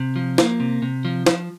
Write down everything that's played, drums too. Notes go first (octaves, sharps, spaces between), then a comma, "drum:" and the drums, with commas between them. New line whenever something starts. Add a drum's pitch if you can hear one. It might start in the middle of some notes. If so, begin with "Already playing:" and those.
Already playing: C3
F3
A#3, drum: snare
C3
C3
F3
F3, drum: snare